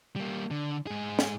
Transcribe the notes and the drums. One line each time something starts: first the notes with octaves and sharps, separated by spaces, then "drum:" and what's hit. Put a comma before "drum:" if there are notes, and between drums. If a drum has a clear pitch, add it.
G3 A#3
D3
G#2 G#4
drum: snare